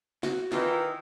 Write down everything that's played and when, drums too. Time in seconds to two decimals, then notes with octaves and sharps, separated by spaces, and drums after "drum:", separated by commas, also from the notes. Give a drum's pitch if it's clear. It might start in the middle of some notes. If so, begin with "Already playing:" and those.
0.23 F#4, drum: snare
0.52 D#3 E3 F4, drum: snare